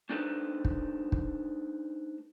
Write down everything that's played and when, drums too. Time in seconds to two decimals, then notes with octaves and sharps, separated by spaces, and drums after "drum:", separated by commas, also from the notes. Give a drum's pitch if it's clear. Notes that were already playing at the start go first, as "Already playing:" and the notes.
0.09 A3 D4 D#4 A4 B4 C5
0.65 drum: kick
1.12 drum: kick